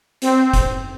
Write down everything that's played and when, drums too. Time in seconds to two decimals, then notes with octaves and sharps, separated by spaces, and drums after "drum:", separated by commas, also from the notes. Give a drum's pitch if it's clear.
0.22 C4, drum: hi-hat
0.53 drum: kick, hi-hat